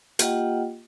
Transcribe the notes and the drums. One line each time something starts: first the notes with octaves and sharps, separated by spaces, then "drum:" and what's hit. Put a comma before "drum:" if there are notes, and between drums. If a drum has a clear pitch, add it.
A#3 F4 G4 D#5 F#5 G5, drum: hi-hat